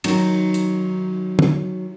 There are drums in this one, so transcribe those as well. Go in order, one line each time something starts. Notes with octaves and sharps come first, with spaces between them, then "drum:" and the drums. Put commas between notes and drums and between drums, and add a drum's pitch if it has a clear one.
D#3 F#3 D#4, drum: cymbal
drum: hi-hat
drum: tom